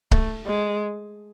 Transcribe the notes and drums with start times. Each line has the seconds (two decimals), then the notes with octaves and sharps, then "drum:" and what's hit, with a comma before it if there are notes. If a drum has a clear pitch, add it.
0.11 A3, drum: kick C#1
0.47 G#3